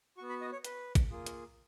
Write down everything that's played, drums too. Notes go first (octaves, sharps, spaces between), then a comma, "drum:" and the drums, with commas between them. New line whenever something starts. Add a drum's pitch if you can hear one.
B3 F#4 C#6
B5
D#5
C#5
B4, drum: hi-hat
drum: kick A1, hi-hat
A#3 F4 G#4
drum: hi-hat